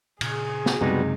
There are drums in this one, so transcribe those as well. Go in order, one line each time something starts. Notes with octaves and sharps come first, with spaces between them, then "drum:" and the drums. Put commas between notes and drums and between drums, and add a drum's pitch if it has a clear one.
A#2 C#3 G#4, drum: cymbal
drum: snare
C#2 F#2 C3 G3 G#3 B3 D#4 F#4